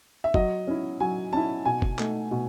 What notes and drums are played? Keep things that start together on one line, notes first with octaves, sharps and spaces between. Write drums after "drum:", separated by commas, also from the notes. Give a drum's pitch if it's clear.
E5
F#3 D#5, drum: kick
C#4 E4
F#3 G#5
C#4 E4 A5
B2 G#5
drum: kick
A3 D#4, drum: clap
B2